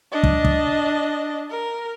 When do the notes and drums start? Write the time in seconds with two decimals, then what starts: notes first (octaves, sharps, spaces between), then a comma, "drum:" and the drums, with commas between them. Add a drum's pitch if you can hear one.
0.11 D4 D#5
0.23 drum: kick
0.44 drum: kick
1.50 A#4